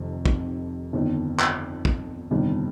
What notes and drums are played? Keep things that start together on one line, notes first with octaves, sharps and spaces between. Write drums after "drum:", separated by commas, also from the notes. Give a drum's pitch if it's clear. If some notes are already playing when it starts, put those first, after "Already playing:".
Already playing: F1 F2 C3 D#3
drum: kick
G1 F2 D#3
drum: clap
drum: kick
G1 F2 C3 D#3 G3